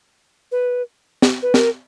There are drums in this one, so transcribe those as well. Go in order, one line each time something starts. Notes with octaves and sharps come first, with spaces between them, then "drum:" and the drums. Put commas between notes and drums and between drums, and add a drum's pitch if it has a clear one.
B4
drum: snare
B4
A#4, drum: snare